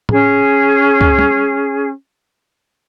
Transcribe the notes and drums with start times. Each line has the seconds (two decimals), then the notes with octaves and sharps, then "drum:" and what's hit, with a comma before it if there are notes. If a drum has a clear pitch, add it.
0.09 C#4 G#4, drum: tom
1.01 drum: kick C#2
1.19 drum: tom